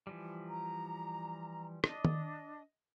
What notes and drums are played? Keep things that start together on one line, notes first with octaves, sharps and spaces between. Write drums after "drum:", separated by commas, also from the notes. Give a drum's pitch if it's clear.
E3 F3 G3
A#5
D4 D#5, drum: rim click
drum: tom D#3